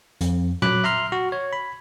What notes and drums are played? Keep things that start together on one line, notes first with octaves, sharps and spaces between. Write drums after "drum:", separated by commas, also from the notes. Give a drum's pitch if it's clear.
F2, drum: hi-hat
F#3 B5 D6 F#6, drum: tom A#2
E5 A#5 C6 F6
F#4
C#5
B5